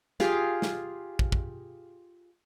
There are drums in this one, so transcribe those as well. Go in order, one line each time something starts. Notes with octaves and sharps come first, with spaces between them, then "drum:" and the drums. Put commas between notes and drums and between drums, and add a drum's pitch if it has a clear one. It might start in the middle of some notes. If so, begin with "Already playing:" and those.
F4 G4 G#4 F5, drum: snare
drum: snare
drum: kick
drum: kick